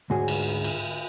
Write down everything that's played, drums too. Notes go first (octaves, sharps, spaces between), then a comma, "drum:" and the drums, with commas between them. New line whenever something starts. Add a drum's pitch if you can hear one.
D2 G#2 F#4 G#4 C#5
drum: cymbal
drum: cymbal